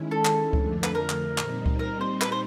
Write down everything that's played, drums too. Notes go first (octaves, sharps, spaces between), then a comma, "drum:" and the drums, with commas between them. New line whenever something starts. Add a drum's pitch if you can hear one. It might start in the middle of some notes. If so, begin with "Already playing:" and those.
Already playing: D#3 G#3 C#4 E4
A4
drum: clap
F2 D3 F3 A3 D4, drum: kick C#2
B4, drum: clap
A#4
drum: clap
A#2 G3 C4 D#4, drum: clap
drum: kick C#2
A#4
C5
B4, drum: clap
C5